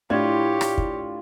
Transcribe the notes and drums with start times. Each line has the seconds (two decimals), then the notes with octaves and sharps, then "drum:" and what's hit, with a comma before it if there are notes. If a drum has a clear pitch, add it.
0.10 A2 D4 E4 F4 G4 C#5 G#6
0.61 drum: rim click
0.78 drum: kick